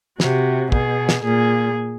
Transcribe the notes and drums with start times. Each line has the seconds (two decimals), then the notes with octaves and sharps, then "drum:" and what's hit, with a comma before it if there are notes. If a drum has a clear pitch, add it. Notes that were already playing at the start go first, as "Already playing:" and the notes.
0.20 C3 F#4, drum: snare
0.72 B2 G#4, drum: kick
1.09 drum: snare
1.24 A#2 G#4